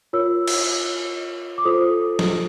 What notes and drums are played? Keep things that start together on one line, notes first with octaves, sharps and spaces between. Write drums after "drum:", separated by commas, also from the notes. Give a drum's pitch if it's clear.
F4 A#4 C#5 E6
drum: cymbal
D6
F4 A4 C5 D#6
drum: snare